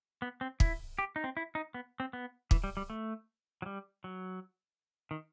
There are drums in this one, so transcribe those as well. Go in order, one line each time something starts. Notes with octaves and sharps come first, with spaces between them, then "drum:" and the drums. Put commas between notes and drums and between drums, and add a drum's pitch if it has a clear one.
B3
C4
E4, drum: kick
G4
D#4
C4
E4
D#4
B3
C4
B3
E3, drum: kick
G3
G3
A3
F#3
G3
F#3
D#3